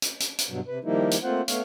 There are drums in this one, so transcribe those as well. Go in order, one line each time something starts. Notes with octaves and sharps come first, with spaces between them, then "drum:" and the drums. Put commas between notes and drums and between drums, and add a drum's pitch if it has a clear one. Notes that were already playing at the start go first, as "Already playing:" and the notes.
drum: hi-hat
drum: hi-hat
drum: hi-hat
G2 B2 F#3
C3 B4
D#3 F3 G3 A#3 D#4 E4
drum: hi-hat
A3 A#3 C4 F4 C5 F#5
A3 B3 C#5 F5, drum: hi-hat